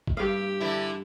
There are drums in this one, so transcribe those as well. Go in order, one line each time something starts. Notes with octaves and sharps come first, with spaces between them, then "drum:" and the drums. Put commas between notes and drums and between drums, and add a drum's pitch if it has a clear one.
drum: kick
G2 G4 F5
D3 E3 E4